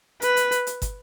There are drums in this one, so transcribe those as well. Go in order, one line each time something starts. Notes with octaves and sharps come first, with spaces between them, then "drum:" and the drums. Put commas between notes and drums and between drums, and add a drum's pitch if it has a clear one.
B4, drum: hi-hat
drum: hi-hat
drum: hi-hat
drum: hi-hat
drum: kick, hi-hat